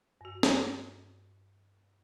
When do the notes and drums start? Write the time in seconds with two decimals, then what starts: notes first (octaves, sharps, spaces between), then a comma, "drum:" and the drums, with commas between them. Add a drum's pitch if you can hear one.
0.21 G2 F#4
0.43 drum: snare